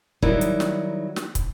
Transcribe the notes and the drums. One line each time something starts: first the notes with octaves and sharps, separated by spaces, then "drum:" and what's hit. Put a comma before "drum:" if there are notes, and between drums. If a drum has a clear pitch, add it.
D#3 F#3 G3 D#4 E4, drum: kick
drum: hi-hat
drum: snare
drum: snare
drum: kick, hi-hat